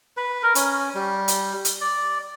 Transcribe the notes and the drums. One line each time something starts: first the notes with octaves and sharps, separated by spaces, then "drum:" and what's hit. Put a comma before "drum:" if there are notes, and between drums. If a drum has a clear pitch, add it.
B4
A#4
C#4, drum: hi-hat
G3
drum: hi-hat
drum: hi-hat
D5